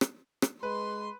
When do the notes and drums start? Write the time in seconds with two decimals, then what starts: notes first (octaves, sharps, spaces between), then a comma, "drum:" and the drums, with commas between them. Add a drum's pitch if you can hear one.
0.01 drum: rim click
0.42 drum: rim click
0.63 G#3 B4 C6